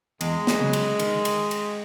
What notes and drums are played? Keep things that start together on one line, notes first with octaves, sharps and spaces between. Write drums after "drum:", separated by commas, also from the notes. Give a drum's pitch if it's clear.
E2 G#3, drum: cymbal
drum: snare
C#3 F#3
drum: cymbal
D#3, drum: cymbal
drum: cymbal
drum: cymbal